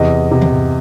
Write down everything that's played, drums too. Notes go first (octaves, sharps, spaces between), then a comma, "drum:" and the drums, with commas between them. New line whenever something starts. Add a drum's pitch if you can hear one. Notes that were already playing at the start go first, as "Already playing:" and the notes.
Already playing: E2 C3 D#5
C3
drum: tom